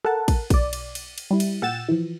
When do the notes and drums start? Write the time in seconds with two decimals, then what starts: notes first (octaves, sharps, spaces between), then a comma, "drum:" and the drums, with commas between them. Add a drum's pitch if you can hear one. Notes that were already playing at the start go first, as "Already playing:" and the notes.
0.05 A4 A#4 F#5 A5, drum: rim click
0.28 drum: kick, cymbal
0.50 B1 D5, drum: kick, cymbal
0.73 drum: cymbal
0.95 drum: cymbal
1.18 drum: cymbal
1.31 G3 E4
1.40 drum: cymbal
1.62 A#2 F#5 G5 E6 A6 E7, drum: rim click
1.88 E3 F3